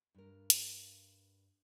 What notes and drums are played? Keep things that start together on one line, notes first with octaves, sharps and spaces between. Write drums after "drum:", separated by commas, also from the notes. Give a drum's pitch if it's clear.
G2 A#4
drum: hi-hat